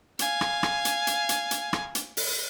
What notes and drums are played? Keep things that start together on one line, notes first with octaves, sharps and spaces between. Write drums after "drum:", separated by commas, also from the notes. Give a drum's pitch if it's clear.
F5 G#5, drum: hi-hat
drum: rim click
drum: rim click
drum: hi-hat
drum: hi-hat
drum: hi-hat
drum: hi-hat
drum: rim click
drum: hi-hat
drum: open hi-hat